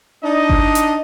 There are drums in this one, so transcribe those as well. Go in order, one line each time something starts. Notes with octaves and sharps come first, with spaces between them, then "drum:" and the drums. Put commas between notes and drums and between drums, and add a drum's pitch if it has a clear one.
D4 D#4 D#5
drum: kick G1
drum: hi-hat